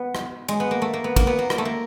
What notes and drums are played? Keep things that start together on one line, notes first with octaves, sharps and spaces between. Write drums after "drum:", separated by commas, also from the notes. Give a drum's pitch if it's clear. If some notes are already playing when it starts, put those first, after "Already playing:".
Already playing: B3
drum: rim click
G#3, drum: cymbal
B3
A#3
A3
A#3
B3
A#3, drum: kick, cymbal
B3
A#3
A#3, drum: rim click
A3
A#3